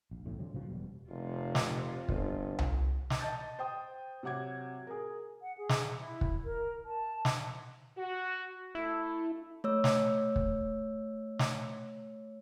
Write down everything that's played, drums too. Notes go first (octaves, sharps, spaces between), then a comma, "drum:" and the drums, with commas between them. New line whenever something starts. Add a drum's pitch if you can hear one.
A#1
B1 E2 A2 C#4
D3 F#3 C4
A#2 C#3 F3 F#3
E1 B2 G3
F1 C3 F4
drum: snare
G1, drum: kick
drum: tom C2
drum: snare
D#5 A5 G6 A6
C5 G5 D#6
C3 F#3 F#5 D6 G#6
G#4 A#4
F#5
G#4
drum: snare
E4
drum: kick
A#4
A5
drum: snare
F#4
A3 E4
A3 C#5 E6
drum: snare
drum: kick
drum: snare